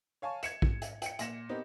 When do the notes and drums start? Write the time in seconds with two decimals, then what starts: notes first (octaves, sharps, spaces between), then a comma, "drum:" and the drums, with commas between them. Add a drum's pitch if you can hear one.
0.22 C#5 F5 G#5 A5 C#6
0.43 G#6 C#7 E7, drum: hi-hat
0.62 drum: kick
0.82 drum: hi-hat
1.02 G5 C#7, drum: hi-hat
1.19 A#2 A#6 E7, drum: hi-hat
1.49 B3 C4 D#4 G4 A#4